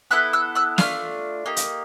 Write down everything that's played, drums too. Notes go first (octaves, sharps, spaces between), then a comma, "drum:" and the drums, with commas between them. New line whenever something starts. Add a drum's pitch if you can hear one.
B3 E4 A4 E6 F#6
E6 F#6
E6 F#6
A3 D4 F4 F6, drum: snare
A#3 D#4 G4
drum: hi-hat